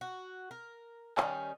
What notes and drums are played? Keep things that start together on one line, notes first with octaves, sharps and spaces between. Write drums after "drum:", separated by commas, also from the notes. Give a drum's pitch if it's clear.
F#4
A#4
D#3 G3 C#4 D#4, drum: clap